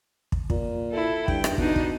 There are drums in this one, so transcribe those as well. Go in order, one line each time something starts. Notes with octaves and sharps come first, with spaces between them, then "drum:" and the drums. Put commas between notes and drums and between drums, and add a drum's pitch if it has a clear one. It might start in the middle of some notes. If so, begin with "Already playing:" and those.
drum: kick
A#2, drum: kick
E4 A4
G2 G5, drum: kick
drum: rim click
B2 D4 D#4, drum: kick
drum: kick